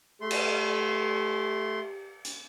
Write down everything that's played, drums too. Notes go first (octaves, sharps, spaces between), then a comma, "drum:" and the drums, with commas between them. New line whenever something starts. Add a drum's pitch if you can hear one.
A3 G4 C6
drum: cymbal
drum: hi-hat